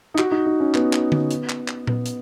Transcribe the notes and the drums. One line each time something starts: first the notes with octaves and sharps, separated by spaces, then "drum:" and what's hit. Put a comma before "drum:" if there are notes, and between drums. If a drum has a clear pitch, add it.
D#4
F#4, drum: clap
D#4
D#4
C#4
B3, drum: clap
drum: clap
drum: tom D3
drum: hi-hat
drum: clap
drum: clap
B3, drum: tom A#2
drum: hi-hat